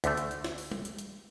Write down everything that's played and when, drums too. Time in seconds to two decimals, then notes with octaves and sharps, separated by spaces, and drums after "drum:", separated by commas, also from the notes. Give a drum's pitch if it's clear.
0.04 D2 D3 A3, drum: hi-hat
0.17 drum: hi-hat
0.31 drum: hi-hat
0.44 drum: snare
0.58 drum: open hi-hat
0.71 drum: tom G3
0.85 drum: hi-hat
0.99 drum: hi-hat